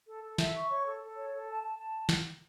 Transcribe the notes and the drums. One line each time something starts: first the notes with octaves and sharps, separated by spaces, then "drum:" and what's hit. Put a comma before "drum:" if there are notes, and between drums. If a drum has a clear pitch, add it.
A4
A4
E5, drum: snare
C#6
C#5
A4
A4
C#5
A4
A5
A5
A5
drum: snare